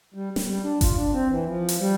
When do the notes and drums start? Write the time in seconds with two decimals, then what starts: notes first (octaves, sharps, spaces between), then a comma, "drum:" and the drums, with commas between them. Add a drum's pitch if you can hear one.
0.14 G3
0.36 drum: snare
0.47 G3
0.64 D4
0.81 F4, drum: kick G1, hi-hat
0.96 D4
1.13 C4
1.29 E3
1.47 F3
1.69 drum: hi-hat
1.80 G3